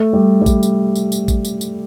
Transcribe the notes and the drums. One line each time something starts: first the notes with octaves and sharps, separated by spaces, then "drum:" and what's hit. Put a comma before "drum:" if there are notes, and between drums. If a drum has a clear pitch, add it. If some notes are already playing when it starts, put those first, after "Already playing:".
Already playing: A3
G3
G3
A3, drum: kick, tambourine
drum: tambourine
drum: tambourine
drum: tambourine
drum: kick, tambourine
drum: tambourine
drum: tambourine